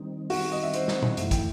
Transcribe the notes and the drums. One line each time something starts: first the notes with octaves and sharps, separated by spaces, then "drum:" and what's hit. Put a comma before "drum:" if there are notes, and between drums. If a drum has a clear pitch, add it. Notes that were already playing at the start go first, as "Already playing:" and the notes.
Already playing: D#3 G3 C4 D#4
F#4, drum: open hi-hat
D#5
E5
C5, drum: hi-hat
drum: snare
drum: tom A#2
F#2 E3 A3 E4 E5, drum: hi-hat
G5, drum: kick, hi-hat